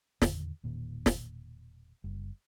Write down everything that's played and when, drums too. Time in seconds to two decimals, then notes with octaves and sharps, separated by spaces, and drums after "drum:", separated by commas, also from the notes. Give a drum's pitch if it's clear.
0.22 E2 A2 D3 D#3, drum: snare
0.64 E1 A#2 D#3
1.06 drum: snare
2.04 F#1 G3